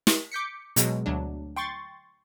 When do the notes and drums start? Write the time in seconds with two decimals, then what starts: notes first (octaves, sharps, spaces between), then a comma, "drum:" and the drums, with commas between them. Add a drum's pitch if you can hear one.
0.07 drum: snare
0.32 D6 G6 B6 C#7
0.76 B2 F#3 G#3, drum: hi-hat
1.06 D2 F#3 D4
1.56 G5 C6 C#6 A6